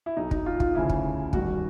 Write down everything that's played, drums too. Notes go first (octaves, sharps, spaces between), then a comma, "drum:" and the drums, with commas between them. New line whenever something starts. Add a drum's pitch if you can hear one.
E4
B1 B2 D#4
D#4, drum: kick
F4
F4, drum: kick
D2 C#3 E3 E4
drum: kick
A1 G2 D#3 F#4, drum: kick